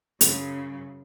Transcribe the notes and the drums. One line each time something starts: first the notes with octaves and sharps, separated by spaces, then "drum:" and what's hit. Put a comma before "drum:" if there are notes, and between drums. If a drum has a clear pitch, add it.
F#2 C#3, drum: hi-hat